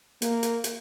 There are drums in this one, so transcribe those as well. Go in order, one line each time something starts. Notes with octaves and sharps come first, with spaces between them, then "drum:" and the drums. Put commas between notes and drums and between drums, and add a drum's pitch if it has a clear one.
A#3, drum: hi-hat
drum: hi-hat
drum: hi-hat